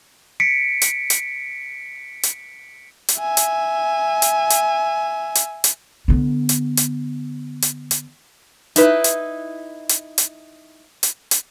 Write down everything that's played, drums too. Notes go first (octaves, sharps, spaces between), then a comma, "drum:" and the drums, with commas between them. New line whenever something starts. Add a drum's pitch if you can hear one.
B6 C#7 D7
drum: hi-hat
drum: hi-hat
drum: hi-hat
drum: hi-hat
E5 G#5
drum: hi-hat
drum: hi-hat
drum: hi-hat
drum: hi-hat
drum: hi-hat
D3 B3
drum: hi-hat
drum: hi-hat
drum: hi-hat
drum: hi-hat
D#4 E4 B4, drum: hi-hat
drum: hi-hat
drum: hi-hat
drum: hi-hat
drum: hi-hat
drum: hi-hat